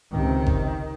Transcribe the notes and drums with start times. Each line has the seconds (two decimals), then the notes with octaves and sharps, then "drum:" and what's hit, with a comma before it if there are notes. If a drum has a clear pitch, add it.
0.12 C#2 C3 D#3
0.46 drum: kick G1